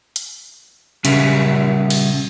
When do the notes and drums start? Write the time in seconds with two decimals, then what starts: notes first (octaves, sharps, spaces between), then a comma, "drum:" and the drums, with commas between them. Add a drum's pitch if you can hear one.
0.16 drum: hi-hat
1.05 C#3 G3 C#4 E5, drum: hi-hat
1.90 drum: cymbal